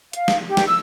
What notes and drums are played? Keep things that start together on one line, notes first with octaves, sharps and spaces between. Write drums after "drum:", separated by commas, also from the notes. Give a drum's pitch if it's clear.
F5, drum: hi-hat
drum: snare
G4
drum: snare
E6